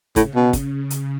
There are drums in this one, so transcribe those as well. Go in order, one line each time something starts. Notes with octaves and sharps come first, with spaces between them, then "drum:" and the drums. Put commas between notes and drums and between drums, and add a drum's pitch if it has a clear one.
A2 C#3, drum: kick, hi-hat
B2
drum: kick, hi-hat
drum: hi-hat